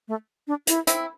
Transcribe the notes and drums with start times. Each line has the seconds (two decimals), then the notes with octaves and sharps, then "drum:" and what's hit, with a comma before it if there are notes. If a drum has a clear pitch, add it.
0.08 A3
0.48 D4
0.67 E4, drum: hi-hat
0.87 C4 E4, drum: hi-hat